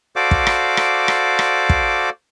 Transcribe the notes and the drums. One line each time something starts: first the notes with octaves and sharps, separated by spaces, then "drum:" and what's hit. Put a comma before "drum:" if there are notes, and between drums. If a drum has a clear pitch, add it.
F#4 A4 C5 D5 F5 D6
drum: kick
drum: rim click
drum: rim click
drum: rim click
drum: rim click
drum: kick